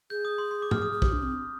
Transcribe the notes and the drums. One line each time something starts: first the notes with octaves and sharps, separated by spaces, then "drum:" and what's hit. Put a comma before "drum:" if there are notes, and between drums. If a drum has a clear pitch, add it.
G#4 G6
D#6
C6
C6
D6
F6, drum: tom
D#6
G#4
G4, drum: kick
D4
C4